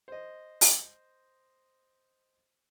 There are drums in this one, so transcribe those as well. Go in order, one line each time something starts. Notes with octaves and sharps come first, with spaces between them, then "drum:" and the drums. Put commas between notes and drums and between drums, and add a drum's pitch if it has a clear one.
C5 D#5
drum: open hi-hat